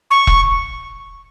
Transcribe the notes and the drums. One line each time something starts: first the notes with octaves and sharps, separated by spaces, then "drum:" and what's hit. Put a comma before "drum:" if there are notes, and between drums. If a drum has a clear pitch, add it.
C#6
drum: kick E1